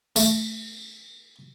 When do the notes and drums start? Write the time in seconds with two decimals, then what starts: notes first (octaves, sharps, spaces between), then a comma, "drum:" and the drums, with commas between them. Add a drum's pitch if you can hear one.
0.16 A3, drum: tambourine